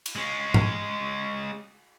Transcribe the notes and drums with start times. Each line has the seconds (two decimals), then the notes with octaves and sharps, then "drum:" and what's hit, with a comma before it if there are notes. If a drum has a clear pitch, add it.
0.06 drum: cymbal
0.16 G#3 C#4
0.54 drum: tom G#2